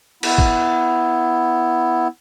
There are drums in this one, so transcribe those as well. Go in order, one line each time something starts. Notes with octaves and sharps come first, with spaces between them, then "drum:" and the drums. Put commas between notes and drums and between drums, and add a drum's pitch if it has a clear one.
B3 E4, drum: cymbal
drum: kick